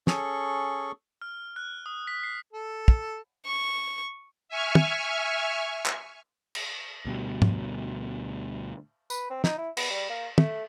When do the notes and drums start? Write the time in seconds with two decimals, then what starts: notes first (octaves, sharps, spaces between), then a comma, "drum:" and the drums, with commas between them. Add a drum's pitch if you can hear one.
0.07 C#4 G#4 A4 C#6, drum: snare
1.22 F6
1.56 F#6
1.86 D#6
2.07 B6
2.23 C7
2.53 A4
2.88 drum: kick
3.46 C#6
4.49 E5 G#5 C#6 F6
4.75 drum: tom
5.86 drum: clap
6.55 drum: cymbal
7.05 D2 B2 G3
7.42 drum: tom G#2
9.10 B4, drum: tambourine
9.30 C4
9.44 D#4, drum: snare
9.58 E4
9.77 B3, drum: cymbal
9.90 G3
10.09 A#3
10.38 A3, drum: tom